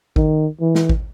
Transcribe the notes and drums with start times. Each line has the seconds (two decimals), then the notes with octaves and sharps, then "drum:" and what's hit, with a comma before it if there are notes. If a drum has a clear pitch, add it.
0.16 D#3, drum: kick G#1
0.61 E3
0.75 drum: snare
0.89 drum: kick G#1